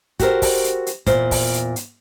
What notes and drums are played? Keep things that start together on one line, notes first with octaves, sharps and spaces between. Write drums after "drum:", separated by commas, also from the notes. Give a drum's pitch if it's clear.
F#4 G4 A4 A#4 C5, drum: kick, hi-hat
drum: kick, open hi-hat
drum: hi-hat
drum: hi-hat
E2 A#2 C5, drum: kick, hi-hat
drum: kick, open hi-hat
drum: hi-hat
drum: hi-hat